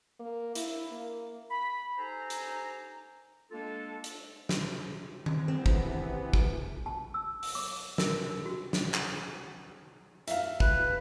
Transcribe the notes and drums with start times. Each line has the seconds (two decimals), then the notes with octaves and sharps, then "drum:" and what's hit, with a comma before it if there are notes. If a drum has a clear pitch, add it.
0.20 A#3
0.55 E4, drum: hi-hat
0.91 A#3
1.51 B5
1.98 D#4 G4 A4 C5 G#5 A#5
2.30 drum: hi-hat
3.51 G#3 A#3 D4 F4 A4
4.04 drum: hi-hat
4.49 drum: snare
5.26 drum: tom D#3
5.48 C3 E3 B3 C4
5.66 drum: kick
6.33 drum: kick
6.86 A5
7.14 E6
7.43 drum: open hi-hat
7.55 D6
7.98 A#4, drum: snare
8.46 F#4
8.73 drum: snare
8.94 drum: clap
10.28 E5 F5, drum: hi-hat
10.60 B4, drum: kick